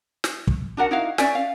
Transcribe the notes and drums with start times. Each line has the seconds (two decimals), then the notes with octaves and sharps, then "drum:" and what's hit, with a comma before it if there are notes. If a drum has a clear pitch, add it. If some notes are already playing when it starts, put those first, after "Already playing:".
0.24 drum: snare
0.47 drum: kick
0.77 D4 F#4 A#4 F#5
0.91 D#4 E4 F#4 F5
1.18 C#4 D5 E5 G#5, drum: snare
1.35 F5